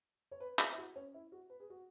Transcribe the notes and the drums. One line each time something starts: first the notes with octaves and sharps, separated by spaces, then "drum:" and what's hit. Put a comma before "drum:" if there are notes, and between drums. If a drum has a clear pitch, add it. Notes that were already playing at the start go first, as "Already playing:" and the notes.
C#5
B4
G#4, drum: clap
E4
F#4
C#4
E4
F#4
B4
G#4
F#4